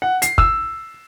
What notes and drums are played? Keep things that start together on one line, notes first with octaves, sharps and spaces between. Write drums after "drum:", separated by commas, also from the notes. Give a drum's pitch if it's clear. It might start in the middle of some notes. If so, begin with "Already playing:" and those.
F#5
C7, drum: hi-hat
E6, drum: kick